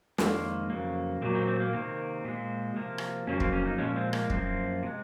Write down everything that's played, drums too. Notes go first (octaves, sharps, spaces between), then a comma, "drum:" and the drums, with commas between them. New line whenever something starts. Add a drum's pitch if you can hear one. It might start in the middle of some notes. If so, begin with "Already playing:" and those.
F2 D#3 G#3 A#3, drum: snare
F2 C#3 F#3 A#3
A#2 F#3 A#3 C4
C4
C4
A#3
C3 D#3 A#3 C4
A#2 G#3
C3 F3 A#3
drum: rim click
F2 C#3 F#3 A#3 C#4
C4, drum: kick
C#4
D#4
A#2 F3 G#3 C#4
C4
A#3, drum: rim click
F#2 F3 A#3 C4, drum: kick
C3 G#3